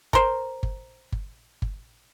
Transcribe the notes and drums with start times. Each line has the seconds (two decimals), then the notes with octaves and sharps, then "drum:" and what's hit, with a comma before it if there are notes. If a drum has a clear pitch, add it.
0.13 A#4 C5, drum: kick G1
0.63 drum: kick G1
1.12 drum: kick G1
1.62 drum: kick G1